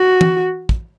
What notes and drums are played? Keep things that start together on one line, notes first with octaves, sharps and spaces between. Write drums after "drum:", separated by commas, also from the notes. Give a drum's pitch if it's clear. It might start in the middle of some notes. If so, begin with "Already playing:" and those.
Already playing: F#4
drum: tom
drum: kick